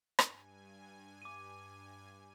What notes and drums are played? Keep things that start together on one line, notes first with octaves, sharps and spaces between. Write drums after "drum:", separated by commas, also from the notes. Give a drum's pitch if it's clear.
G2 G#5, drum: rim click
D6 D#7